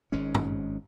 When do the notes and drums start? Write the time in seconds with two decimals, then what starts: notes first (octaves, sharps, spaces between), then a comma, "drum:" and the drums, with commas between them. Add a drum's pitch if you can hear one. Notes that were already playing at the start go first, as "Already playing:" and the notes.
0.12 G#1 G#2 G#3 C#4
0.35 drum: tom